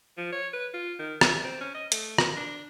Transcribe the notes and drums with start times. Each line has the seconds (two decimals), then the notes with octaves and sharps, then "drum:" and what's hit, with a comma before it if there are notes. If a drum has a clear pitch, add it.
0.18 F3
0.32 C#5
0.53 B4
0.74 F4
0.99 D#3
1.21 E5, drum: rim click
1.44 C4
1.61 C#4
1.75 D#5
1.92 A3, drum: hi-hat
2.18 A#3, drum: rim click
2.37 D4